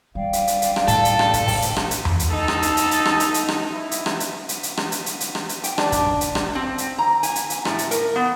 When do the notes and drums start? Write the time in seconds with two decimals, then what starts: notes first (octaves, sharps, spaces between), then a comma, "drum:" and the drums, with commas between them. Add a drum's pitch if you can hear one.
0.15 G3 D5 F5 G5
0.33 drum: hi-hat
0.47 drum: hi-hat
0.62 drum: hi-hat
0.76 drum: rim click
0.88 A2 A4, drum: hi-hat
1.05 drum: hi-hat
1.19 drum: rim click
1.33 drum: kick, hi-hat
1.48 drum: kick, open hi-hat
1.62 drum: hi-hat
1.76 drum: rim click
1.91 drum: hi-hat
2.05 drum: tom E2
2.19 drum: hi-hat
2.30 D#4 A4
2.48 drum: rim click
2.62 drum: hi-hat
2.77 drum: hi-hat
2.91 drum: hi-hat
3.05 drum: rim click
3.20 drum: hi-hat
3.34 drum: hi-hat
3.48 drum: rim click
3.71 E4
3.91 drum: hi-hat
4.06 drum: rim click
4.20 drum: hi-hat
4.49 drum: hi-hat
4.63 drum: hi-hat
4.77 drum: rim click
4.92 drum: hi-hat
5.06 drum: hi-hat
5.20 drum: hi-hat
5.35 drum: rim click
5.49 drum: hi-hat
5.64 G5, drum: hi-hat
5.78 D4, drum: rim click
5.92 drum: kick, hi-hat
6.06 drum: kick
6.21 drum: hi-hat
6.35 drum: rim click
6.55 C4
6.78 drum: hi-hat
6.98 A#5
7.23 G#5, drum: hi-hat
7.35 drum: hi-hat
7.50 drum: hi-hat
7.65 A2, drum: rim click
7.78 drum: hi-hat
7.91 A#4, drum: hi-hat
8.16 B3